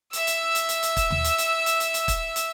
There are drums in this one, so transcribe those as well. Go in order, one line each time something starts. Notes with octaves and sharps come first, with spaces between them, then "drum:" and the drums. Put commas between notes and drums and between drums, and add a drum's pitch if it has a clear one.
E5 E6, drum: hi-hat
drum: hi-hat
drum: hi-hat
drum: hi-hat
drum: hi-hat
drum: kick, hi-hat
drum: tom D#2
drum: hi-hat
drum: hi-hat
drum: hi-hat
drum: hi-hat
drum: hi-hat
drum: kick, hi-hat
drum: hi-hat